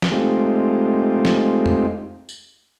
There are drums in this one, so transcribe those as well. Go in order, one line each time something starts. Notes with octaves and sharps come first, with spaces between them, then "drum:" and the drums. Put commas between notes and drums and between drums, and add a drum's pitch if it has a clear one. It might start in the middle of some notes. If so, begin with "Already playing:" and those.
drum: snare
G#3 A3 C4 D#4 F4 G4
drum: snare
drum: tom F2
drum: tambourine